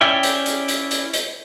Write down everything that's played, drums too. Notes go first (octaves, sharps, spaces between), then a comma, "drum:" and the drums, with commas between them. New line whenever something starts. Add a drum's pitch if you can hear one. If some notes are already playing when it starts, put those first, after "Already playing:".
C#4 E4 D5 E5 G5
drum: hi-hat
drum: hi-hat
drum: hi-hat
drum: hi-hat
drum: hi-hat